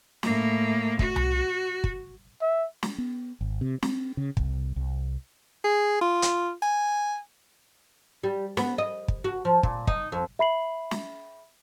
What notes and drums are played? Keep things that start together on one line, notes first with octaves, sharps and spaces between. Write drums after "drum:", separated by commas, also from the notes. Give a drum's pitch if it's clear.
A2 A#3, drum: snare
F#4, drum: kick
drum: tom C2
drum: kick
E5
drum: snare
B3
G#1
C3
C4, drum: snare
C#3
C2, drum: kick
C2
G#4
F4
drum: hi-hat
G#5
G3
B3, drum: snare
D#5
drum: kick
F#4
F3
A#2, drum: kick
D#4, drum: kick
F2
E5 B5 C7 F#7
drum: snare